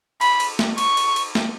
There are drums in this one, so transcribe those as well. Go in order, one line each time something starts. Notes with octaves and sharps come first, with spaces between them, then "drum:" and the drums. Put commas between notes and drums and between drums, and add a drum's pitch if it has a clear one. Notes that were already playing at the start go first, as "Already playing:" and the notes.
B5, drum: cymbal
drum: cymbal
drum: snare A#3
C#6, drum: cymbal
drum: cymbal
drum: cymbal
drum: snare A#3